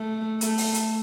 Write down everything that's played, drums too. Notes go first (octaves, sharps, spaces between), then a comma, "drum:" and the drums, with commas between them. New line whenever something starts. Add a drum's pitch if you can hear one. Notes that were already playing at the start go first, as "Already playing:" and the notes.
Already playing: A3
A3, drum: hi-hat
drum: open hi-hat
drum: hi-hat